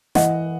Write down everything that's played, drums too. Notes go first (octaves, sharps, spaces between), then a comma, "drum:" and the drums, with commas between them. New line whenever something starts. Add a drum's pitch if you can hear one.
E3 D#5 F#5, drum: snare